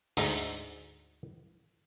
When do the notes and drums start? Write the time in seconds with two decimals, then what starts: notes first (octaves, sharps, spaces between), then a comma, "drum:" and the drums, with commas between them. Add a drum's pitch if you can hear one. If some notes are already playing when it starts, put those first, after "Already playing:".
0.17 D2 G#2 E5 A#5, drum: open hi-hat